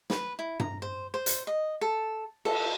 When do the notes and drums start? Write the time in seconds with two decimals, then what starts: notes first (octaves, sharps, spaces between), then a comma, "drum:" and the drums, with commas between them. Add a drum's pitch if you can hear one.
0.10 B4, drum: snare
0.39 E4
0.60 A#5, drum: tom G2
0.82 C5
1.14 C5
1.26 drum: hi-hat
1.47 D#5
1.81 A4
2.45 A4, drum: cymbal